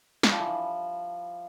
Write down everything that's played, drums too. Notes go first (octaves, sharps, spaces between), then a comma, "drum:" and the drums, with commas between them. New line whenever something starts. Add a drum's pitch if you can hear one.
G3, drum: snare
F3
E3
F3